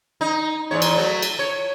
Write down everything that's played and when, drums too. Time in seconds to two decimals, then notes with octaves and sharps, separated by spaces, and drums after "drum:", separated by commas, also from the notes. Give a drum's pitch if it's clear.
0.21 D#4
0.71 E2 G#2 C#5
0.82 drum: cymbal
0.94 F#3 A3
1.22 drum: cymbal
1.39 C#5